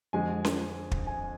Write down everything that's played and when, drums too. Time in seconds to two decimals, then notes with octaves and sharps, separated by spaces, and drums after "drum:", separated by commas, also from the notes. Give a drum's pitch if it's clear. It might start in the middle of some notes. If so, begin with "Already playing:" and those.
0.13 F2 D3 F3 G#3 G#5
0.45 drum: snare C#4
0.91 drum: kick
1.07 G#5